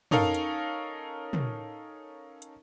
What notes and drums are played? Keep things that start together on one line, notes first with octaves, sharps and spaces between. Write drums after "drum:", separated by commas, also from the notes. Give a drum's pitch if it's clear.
C#4 D#4 A4 A#4 F5, drum: tom
drum: hi-hat
drum: tom
drum: hi-hat